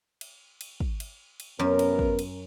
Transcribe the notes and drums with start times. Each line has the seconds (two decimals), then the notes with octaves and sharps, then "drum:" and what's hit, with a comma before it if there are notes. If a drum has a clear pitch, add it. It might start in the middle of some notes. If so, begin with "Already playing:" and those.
0.21 drum: cymbal
0.61 drum: cymbal
0.80 drum: kick
1.00 drum: cymbal
1.40 drum: cymbal
1.59 F#2 C3 B3 A#4
1.79 drum: cymbal
1.99 drum: kick
2.19 drum: cymbal